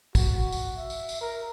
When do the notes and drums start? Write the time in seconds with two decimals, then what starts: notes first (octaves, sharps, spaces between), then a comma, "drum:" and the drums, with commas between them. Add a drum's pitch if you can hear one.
0.15 F#4, drum: kick, tambourine
0.52 drum: tambourine
0.78 E5
0.90 drum: tambourine
1.09 drum: tambourine
1.21 A#4